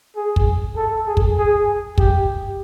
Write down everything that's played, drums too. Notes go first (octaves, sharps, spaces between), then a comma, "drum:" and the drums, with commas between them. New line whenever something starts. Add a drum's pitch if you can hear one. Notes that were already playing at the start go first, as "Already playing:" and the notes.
G#4
drum: kick
A4
G#4
drum: kick
G#4
G4, drum: kick